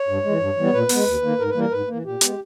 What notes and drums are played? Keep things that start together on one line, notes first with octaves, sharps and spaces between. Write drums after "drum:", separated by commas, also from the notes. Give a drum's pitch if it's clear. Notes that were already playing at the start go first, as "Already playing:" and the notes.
Already playing: C#5
G2
E3 G#3
G2
E3 G3 B3
A#2 B4
G#3 B3, drum: open hi-hat
D#2
D#3 A#3
G#2 A#4
B4
E3 G3 A#3 A#4
G#2 B4
E3 A#3
A#2 G4
G#3 B3, drum: hi-hat